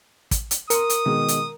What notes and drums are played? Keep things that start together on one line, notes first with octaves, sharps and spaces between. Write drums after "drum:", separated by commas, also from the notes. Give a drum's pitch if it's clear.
drum: kick, hi-hat
drum: hi-hat
A#4 C6 D#6 C#7, drum: hi-hat
drum: hi-hat
B2 D#3 G#3
drum: hi-hat